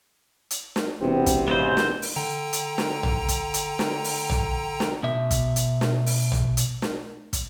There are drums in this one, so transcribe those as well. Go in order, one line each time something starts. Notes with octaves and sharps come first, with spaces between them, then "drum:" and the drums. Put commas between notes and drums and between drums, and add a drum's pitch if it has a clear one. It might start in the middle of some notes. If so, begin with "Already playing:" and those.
drum: hi-hat
drum: snare
E1 C3 B3 C4
drum: kick, hi-hat
E1 G#2 C#3 B3 C4 C5
drum: snare
drum: open hi-hat
D3 G5 A#5
drum: hi-hat
drum: snare
drum: tom
drum: kick, hi-hat
drum: hi-hat
drum: snare
drum: open hi-hat
drum: tom
drum: snare
B2 E5
drum: kick, hi-hat
drum: hi-hat
drum: snare
drum: open hi-hat
drum: tom
drum: hi-hat
drum: snare
drum: kick, hi-hat